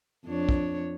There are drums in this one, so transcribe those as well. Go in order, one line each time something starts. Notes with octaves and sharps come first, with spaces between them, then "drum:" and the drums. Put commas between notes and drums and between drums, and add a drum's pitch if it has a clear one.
F2 D4 C#5
drum: kick